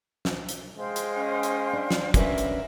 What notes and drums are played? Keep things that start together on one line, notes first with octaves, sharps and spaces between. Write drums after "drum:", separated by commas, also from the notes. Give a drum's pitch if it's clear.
drum: snare
drum: hi-hat
G#3 C5 F5 G5
drum: hi-hat
C#4 D#5
drum: hi-hat
D4
drum: snare
F#3 C#4 D4 A#4 B4 E5, drum: kick, hi-hat
drum: hi-hat